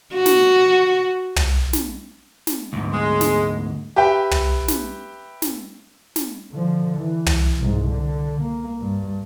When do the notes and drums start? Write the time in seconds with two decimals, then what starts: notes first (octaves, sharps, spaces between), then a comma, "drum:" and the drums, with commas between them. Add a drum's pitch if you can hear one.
0.14 F#4
0.26 drum: snare
1.36 drum: tom
1.73 drum: snare
2.47 drum: snare
2.73 D2 G#2
2.93 G#3
3.21 drum: snare
3.96 G4 B4 E5 G5
4.31 drum: tom
4.68 drum: snare
5.42 drum: snare
6.16 drum: snare
6.53 D3 F3
6.97 E3
7.26 drum: tom
7.59 C2 G#2
7.88 D3
8.41 A#3
8.80 G2